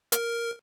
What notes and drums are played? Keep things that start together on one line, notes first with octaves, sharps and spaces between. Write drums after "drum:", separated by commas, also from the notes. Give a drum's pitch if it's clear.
A#4, drum: hi-hat